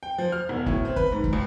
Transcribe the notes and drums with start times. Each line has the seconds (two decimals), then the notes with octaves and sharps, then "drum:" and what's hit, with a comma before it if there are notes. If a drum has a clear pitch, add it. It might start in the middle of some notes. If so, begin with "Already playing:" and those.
0.03 G5
0.18 F3
0.32 F6
0.49 E1
0.66 A2, drum: kick
0.85 C4
0.96 B4, drum: kick
1.12 G#2
1.24 drum: kick
1.33 C#2